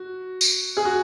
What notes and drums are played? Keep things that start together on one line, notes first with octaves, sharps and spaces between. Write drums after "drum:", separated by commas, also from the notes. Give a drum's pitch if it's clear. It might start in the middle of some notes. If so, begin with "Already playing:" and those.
Already playing: F#4
drum: tambourine
G#4
F#4